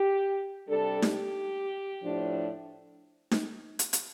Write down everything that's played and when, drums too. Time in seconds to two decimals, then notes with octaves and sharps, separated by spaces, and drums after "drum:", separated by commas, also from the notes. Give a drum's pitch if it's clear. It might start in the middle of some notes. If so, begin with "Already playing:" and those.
Already playing: G4
0.68 C3 G3 D4 A4
1.02 G4, drum: snare D#4
2.03 A2 F3 D4
3.31 drum: snare D#4
3.79 drum: hi-hat
3.93 drum: hi-hat